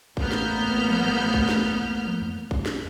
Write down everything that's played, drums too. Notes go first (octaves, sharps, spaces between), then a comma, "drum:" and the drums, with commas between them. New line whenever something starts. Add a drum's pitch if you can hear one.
A1 A2 A#3 B3 F6 G6, drum: kick A#1
drum: snare
drum: tom
drum: tom F3
drum: kick A#1
drum: snare
drum: tom
drum: tom E2
drum: kick A#1
drum: snare